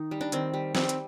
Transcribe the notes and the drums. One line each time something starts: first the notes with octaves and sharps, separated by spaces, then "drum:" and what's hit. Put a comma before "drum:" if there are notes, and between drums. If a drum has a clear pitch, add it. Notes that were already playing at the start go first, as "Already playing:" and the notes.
Already playing: D#3 D#4
G3
D4
D#3 C4, drum: hi-hat
G3
G3 C4, drum: snare
drum: hi-hat